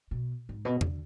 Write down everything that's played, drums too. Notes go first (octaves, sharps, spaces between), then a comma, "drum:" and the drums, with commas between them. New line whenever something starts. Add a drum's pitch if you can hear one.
B2
G#2
B2
D3, drum: tom E2